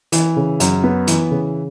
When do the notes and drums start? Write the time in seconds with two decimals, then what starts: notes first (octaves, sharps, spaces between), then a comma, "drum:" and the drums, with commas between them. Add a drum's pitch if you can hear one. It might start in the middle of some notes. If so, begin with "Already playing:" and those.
0.12 E3, drum: hi-hat
0.36 C#3
0.60 F#2, drum: hi-hat
0.84 B3
1.07 E3, drum: hi-hat
1.31 C#3